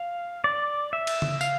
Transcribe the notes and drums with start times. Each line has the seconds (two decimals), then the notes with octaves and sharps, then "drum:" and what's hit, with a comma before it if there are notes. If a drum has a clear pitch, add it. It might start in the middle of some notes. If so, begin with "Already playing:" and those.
Already playing: F5
0.44 D5
0.93 E5
1.07 drum: cymbal
1.22 drum: tom C#3
1.41 F5, drum: tambourine